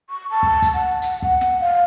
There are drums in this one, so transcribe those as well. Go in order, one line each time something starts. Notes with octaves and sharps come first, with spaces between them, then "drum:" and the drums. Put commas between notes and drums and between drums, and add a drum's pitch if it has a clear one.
C#6
A5
drum: kick
drum: kick, hi-hat
F#5
drum: hi-hat
F#5, drum: kick
drum: snare
F5